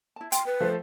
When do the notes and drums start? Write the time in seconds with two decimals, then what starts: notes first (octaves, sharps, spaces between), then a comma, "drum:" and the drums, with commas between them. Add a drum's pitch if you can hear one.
0.16 E4 A5
0.32 G5 C6, drum: hi-hat
0.46 B4
0.60 F3 A3 C5